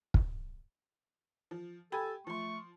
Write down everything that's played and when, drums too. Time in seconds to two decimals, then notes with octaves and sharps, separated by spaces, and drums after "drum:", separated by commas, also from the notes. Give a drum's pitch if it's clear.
0.14 drum: kick
1.51 F3
1.92 G4 A4 G5 G#5 B5 G#6
2.27 F3 A3 C6 C#6